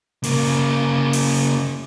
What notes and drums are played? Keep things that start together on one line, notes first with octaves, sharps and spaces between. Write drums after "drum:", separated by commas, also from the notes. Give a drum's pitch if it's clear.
C#3 A#3, drum: open hi-hat
drum: open hi-hat